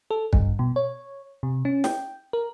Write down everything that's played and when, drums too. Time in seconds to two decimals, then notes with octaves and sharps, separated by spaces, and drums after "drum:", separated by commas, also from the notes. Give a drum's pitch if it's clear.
0.11 A4
0.33 G2, drum: kick
0.59 B2
0.76 C#5
1.43 C3
1.65 C#4
1.84 G5, drum: snare
2.33 A#4